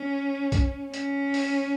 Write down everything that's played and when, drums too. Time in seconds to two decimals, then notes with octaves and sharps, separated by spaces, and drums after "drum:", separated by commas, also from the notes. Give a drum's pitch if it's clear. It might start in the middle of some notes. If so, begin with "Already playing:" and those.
Already playing: C#4
0.52 drum: kick B1, hi-hat
0.94 C#4, drum: hi-hat
1.34 drum: open hi-hat